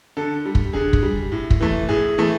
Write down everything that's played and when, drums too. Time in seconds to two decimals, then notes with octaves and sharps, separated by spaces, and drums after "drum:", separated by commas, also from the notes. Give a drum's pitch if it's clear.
0.17 D3 A4
0.45 G3
0.55 drum: kick
0.73 D3 G#4
0.93 drum: kick
1.03 G3
1.32 A2
1.50 drum: kick
1.61 E3 A3
1.89 A2 G#4
2.18 E3 A3